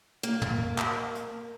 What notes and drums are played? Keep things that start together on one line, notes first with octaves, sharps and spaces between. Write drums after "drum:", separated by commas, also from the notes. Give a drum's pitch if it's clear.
A#3
drum: tom
drum: clap
drum: hi-hat